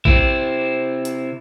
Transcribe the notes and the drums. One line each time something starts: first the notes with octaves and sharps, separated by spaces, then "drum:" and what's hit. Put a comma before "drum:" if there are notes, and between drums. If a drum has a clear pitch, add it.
C3 C4 E4, drum: kick A#1
drum: hi-hat